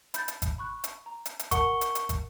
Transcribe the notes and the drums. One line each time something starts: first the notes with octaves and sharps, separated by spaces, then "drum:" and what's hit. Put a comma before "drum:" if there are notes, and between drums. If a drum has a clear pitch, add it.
B5 G6 A6, drum: hi-hat
drum: hi-hat
drum: kick, hi-hat
B5 C#6 F#6
drum: hi-hat
A#5
drum: hi-hat
drum: hi-hat
A#4 F#5 A5 C#6, drum: kick, hi-hat
drum: hi-hat
drum: hi-hat
drum: kick, hi-hat